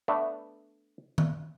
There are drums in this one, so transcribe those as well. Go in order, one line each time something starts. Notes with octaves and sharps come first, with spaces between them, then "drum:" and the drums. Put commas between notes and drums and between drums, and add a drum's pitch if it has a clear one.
A3 B3 D4
drum: tom D#3